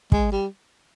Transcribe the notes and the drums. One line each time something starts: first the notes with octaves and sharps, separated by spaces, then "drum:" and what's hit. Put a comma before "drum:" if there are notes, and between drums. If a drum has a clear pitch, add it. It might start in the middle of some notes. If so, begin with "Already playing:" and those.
G#3, drum: kick
G3